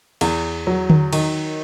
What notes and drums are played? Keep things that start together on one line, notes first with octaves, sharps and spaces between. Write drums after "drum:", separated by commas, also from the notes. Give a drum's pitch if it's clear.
E2, drum: cymbal
F#3
drum: tom D3
D#3, drum: cymbal